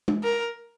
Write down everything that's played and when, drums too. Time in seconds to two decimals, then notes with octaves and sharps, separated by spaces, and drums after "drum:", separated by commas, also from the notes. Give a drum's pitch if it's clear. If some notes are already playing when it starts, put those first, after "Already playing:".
0.08 drum: tom
0.23 A#4